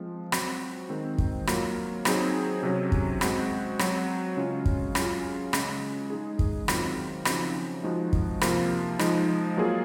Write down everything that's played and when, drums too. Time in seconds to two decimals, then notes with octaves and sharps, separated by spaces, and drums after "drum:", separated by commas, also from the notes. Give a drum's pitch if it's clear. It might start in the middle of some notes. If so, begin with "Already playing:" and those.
Already playing: F3 G#3 C4
0.32 F#3 C4 F#4, drum: rim click
0.89 D#3 G#3 C4
1.18 drum: kick
1.47 F#3 A#3 F4, drum: rim click
2.05 F#3 C4 D#4 G#4, drum: rim click
2.63 C3 F#3 C#4
2.92 drum: kick
3.21 G#3 C4 F#4, drum: rim click
3.79 F#3 C4 F#4, drum: rim click
4.37 C#3 G#3 C#4 F4
4.66 drum: kick
4.95 F#3 C#4 F4 G#4, drum: rim click
5.53 C#3 G#3 C#4, drum: rim click
6.10 G#3 D#4 G#4
6.39 drum: kick
6.68 D#3 F#3 C4 F4, drum: rim click
7.25 C#3 F3 C4 D#4 F#4, drum: rim click
7.84 F3 G#3 D#4 F#4
8.13 drum: kick
8.41 C3 F3 A#3 F4, drum: rim click
8.99 F3 G#3 D#4, drum: rim click
9.57 F#3 A#3 F4 G#4